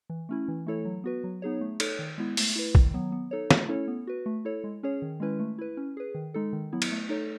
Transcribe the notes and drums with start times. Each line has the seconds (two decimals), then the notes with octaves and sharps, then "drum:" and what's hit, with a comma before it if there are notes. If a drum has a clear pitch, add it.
0.10 E3
0.29 A3 C#4 E4
0.48 E3
0.67 A3 E4 A4 C#5
0.85 F#3
1.04 B3 F#4 B4
1.24 F#3
1.42 B3 D#4 G#4 C#5
1.61 A3
1.80 D#4 A4 C#5, drum: cymbal
1.99 D#3
2.18 G#3 B3 E4
2.37 A3, drum: open hi-hat
2.56 E4 B4
2.75 D#3, drum: kick
2.94 F#3 B3
3.12 B3
3.31 D#4 A4 C#5
3.51 A3, drum: snare
3.69 C#4 E4 A4 C#5
3.88 B3
4.07 F#4 B4
4.26 A3
4.45 E4 A4 C#5
4.64 G#3
4.83 C#4 G#4 C#5
5.02 D#3
5.20 G#3 C#4 E4 B4
5.39 A3
5.58 E4 B4
5.77 C#4
5.97 G#4 B4
6.15 D#3
6.34 G#3 D#4 A4
6.53 D#3
6.73 F#3 B3 E4
6.82 drum: cymbal
6.91 A3
7.09 D#4 A4 C#5